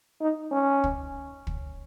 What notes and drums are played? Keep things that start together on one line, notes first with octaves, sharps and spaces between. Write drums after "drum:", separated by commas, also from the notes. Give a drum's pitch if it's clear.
D#4
C#4
drum: kick
drum: kick